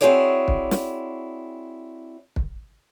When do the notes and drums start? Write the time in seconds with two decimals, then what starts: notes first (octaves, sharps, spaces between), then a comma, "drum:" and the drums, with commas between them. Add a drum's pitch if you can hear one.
0.01 C4 E4 F#4 G#4 C#5 D5
0.48 drum: kick
0.71 drum: snare
2.36 drum: kick